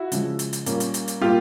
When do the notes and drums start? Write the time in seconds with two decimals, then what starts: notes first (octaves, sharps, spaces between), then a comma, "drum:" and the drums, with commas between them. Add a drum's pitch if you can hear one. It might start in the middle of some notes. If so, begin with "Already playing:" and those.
Already playing: E4 F#4
0.12 C#3 F3 G#3, drum: hi-hat
0.39 drum: hi-hat
0.53 drum: hi-hat
0.66 A#2 G3 A#3 C#4, drum: hi-hat
0.80 drum: hi-hat
0.94 drum: hi-hat
1.08 drum: hi-hat
1.21 A#2 G3 A#3 F4 G4